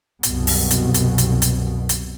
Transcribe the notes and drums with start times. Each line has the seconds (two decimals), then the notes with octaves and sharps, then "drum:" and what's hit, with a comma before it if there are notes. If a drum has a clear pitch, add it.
0.23 C2 F#2 B2, drum: hi-hat
0.47 drum: open hi-hat
0.71 drum: hi-hat
0.94 drum: hi-hat
1.18 drum: hi-hat
1.42 drum: hi-hat
1.89 drum: hi-hat